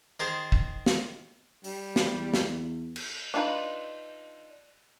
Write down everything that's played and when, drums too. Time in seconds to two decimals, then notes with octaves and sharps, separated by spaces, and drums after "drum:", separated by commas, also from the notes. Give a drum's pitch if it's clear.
0.20 D#3 G#4 A#4 C5 A5 D#6
0.52 drum: kick
0.86 drum: snare
1.64 G3, drum: open hi-hat
1.96 drum: snare
2.09 E2
2.34 drum: snare
2.96 drum: cymbal
3.34 D4 D#4 F4 A4 B4